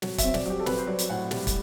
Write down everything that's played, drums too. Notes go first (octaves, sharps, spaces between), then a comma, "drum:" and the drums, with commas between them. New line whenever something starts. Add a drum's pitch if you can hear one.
F#3, drum: snare
E5, drum: kick, hi-hat
C4
D5, drum: snare
F#3 G4
A4
C4 B4, drum: snare
C5
F#3 D5
drum: hi-hat
A2 F#5
G3, drum: snare
drum: kick, hi-hat